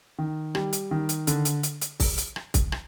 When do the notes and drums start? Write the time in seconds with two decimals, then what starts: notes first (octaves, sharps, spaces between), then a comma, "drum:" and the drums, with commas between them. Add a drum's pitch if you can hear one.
0.19 D#3
0.55 G3, drum: rim click
0.73 drum: hi-hat
0.91 D#3
1.09 drum: hi-hat
1.27 D3, drum: hi-hat
1.45 drum: hi-hat
1.63 drum: hi-hat
1.82 drum: hi-hat
2.00 drum: kick, open hi-hat
2.18 drum: hi-hat
2.36 drum: rim click
2.54 drum: kick, hi-hat
2.72 drum: rim click